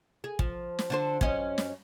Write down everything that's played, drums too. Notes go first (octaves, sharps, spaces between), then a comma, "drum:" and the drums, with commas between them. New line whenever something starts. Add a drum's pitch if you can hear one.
G#4
F3, drum: kick
drum: snare
D3 D4 C5
F#2 C#4 D#5, drum: kick
drum: snare